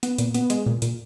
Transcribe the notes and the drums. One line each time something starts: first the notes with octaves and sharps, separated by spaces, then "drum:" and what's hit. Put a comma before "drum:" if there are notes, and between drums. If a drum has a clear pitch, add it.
B3, drum: hi-hat
A#2, drum: hi-hat
B3, drum: hi-hat
G#3, drum: hi-hat
A#2
A#2, drum: hi-hat